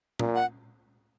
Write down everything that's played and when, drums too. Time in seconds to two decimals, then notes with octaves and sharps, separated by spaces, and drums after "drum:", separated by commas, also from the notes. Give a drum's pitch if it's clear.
0.19 A#2, drum: tom A#2
0.35 F#5